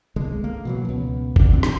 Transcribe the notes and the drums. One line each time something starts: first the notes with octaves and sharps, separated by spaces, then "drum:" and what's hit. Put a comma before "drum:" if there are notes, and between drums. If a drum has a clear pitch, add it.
G1 C2 D3 G#3
A#3
B2 E3 F#3
C#2 B2
F#1 G2 D3 D4, drum: kick G1
F1 B1 C4 D4
drum: rim click